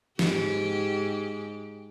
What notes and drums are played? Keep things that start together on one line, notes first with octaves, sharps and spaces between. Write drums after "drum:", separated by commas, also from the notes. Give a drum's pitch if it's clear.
G#2 G4, drum: snare